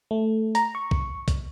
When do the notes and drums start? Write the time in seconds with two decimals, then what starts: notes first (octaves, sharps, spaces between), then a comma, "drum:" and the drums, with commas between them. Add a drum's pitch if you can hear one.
0.11 A3
0.55 A#5, drum: hi-hat
0.75 C#6
0.91 drum: kick
1.28 drum: kick, hi-hat